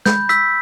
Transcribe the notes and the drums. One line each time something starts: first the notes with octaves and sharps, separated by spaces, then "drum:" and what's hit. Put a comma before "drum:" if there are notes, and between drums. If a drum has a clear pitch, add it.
B5 G6, drum: snare
E6 G6 B6, drum: hi-hat